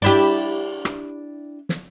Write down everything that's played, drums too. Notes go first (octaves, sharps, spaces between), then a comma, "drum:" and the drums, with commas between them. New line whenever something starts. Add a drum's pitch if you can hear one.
D4 E4 G4, drum: cymbal
drum: rim click
drum: snare